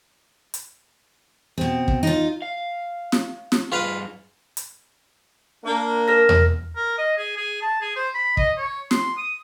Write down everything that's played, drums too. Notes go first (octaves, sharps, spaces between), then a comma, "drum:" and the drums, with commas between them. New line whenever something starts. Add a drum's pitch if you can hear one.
drum: hi-hat
B2 C4
drum: kick
D#4 F4
F5
drum: snare
drum: snare
G2 F4 G#4 B4 F5
drum: hi-hat
A#3 D4
A#4 F6 A#6
drum: tom E2
A#4
D#5
G#4
G#4
A5
G#4
C5
B5
D#5, drum: kick
C#5
C6, drum: snare
D#6